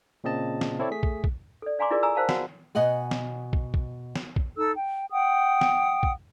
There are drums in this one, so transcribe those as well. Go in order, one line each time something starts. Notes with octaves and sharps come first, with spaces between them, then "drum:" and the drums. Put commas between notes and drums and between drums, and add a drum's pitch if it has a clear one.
A#2 C#3 C4 D#5 A5
drum: snare
C4 E4 A4 C#5 D5
A3 G#4 B6
drum: kick
drum: kick
A4 D5
D5 F5 G#5 A#5 C6 D6
E4 F4 G#4 A#4 D5
G#5 A#5 D#6 E6
A#4 C5 F5 A5 A#5
F#4 F5 F#5, drum: snare
B2 D#5 F#5 G#5
drum: snare
drum: kick
drum: kick
drum: snare
drum: kick
D#4 A4 E6
G5
F#5 G5 D#6
drum: snare
drum: kick